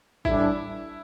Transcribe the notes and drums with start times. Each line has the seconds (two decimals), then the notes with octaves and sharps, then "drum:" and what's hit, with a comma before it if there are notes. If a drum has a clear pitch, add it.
0.25 A2 E3 G3 D4 E4 E5, drum: kick